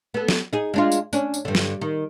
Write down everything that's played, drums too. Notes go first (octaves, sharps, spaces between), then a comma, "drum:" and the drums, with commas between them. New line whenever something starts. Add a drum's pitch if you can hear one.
B3 A4
drum: snare
D#4 G#4
G#3 D4 F4
drum: tambourine
C#4 D4, drum: tambourine
drum: tambourine
G2 D3
drum: snare
D#3